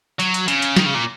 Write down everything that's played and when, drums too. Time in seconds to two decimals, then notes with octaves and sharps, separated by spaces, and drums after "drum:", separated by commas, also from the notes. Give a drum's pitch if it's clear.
0.20 F#3, drum: hi-hat
0.34 drum: hi-hat
0.48 C#3, drum: hi-hat
0.62 drum: hi-hat
0.77 D#3, drum: snare
0.86 C#3
0.95 A#2